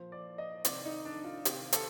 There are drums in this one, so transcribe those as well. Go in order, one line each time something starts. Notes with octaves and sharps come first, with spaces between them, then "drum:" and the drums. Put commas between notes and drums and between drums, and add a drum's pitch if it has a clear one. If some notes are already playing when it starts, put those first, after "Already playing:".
Already playing: A#2 F3 C5
D5
D#5
C3 D#3 D5, drum: hi-hat
D#4
D4
F4
C3 D#3 G4, drum: hi-hat
A4, drum: hi-hat